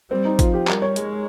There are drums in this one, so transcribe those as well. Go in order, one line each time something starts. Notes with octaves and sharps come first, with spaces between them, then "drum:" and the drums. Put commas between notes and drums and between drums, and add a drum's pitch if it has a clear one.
G3 C4
D#4
F3 F4, drum: kick, hi-hat
G4
G3 A#4, drum: clap
C#5
G#3, drum: hi-hat